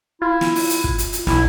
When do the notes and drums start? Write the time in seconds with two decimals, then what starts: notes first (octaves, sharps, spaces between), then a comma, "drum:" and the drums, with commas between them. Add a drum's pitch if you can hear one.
0.22 E4 F4
0.41 drum: snare
0.55 drum: open hi-hat
0.70 drum: hi-hat
0.84 drum: kick
0.98 drum: hi-hat
1.13 drum: hi-hat
1.27 B1 E4, drum: snare